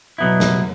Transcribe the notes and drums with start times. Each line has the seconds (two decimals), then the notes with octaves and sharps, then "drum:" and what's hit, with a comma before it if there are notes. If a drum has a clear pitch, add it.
0.18 B2 F#3 B3 E4
0.40 drum: snare